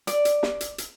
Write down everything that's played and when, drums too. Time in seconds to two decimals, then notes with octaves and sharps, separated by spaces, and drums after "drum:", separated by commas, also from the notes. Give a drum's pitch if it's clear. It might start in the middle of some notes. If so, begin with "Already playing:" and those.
0.07 D5, drum: hi-hat
0.25 drum: hi-hat
0.43 drum: snare
0.61 drum: hi-hat
0.78 drum: hi-hat